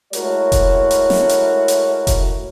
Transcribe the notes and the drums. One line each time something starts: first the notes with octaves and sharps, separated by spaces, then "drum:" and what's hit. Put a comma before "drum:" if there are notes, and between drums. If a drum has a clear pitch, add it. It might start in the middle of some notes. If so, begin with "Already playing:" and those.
G#3 A3 E4 F#4 A#4 C#5, drum: hi-hat
drum: kick F1, hi-hat
drum: hi-hat
drum: snare
drum: hi-hat
drum: hi-hat
drum: kick F1, hi-hat